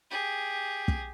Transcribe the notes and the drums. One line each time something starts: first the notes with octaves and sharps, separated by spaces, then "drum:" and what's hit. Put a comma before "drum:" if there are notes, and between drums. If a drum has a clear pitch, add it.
G4 G#4
drum: kick